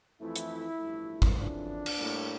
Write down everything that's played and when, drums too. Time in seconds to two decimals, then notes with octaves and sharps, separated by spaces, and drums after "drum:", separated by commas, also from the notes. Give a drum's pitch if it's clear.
0.20 F2 E3 A3 E4
0.36 drum: hi-hat
0.79 A1 G2 F3 A3
1.22 drum: kick G#1
1.38 F2 C#3 E3 D4
1.86 drum: cymbal
1.98 A2 G3 A#3